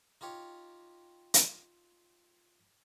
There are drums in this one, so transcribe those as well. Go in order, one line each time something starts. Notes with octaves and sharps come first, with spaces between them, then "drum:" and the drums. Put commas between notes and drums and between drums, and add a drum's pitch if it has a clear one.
D#4 F4 G4 C#5
drum: hi-hat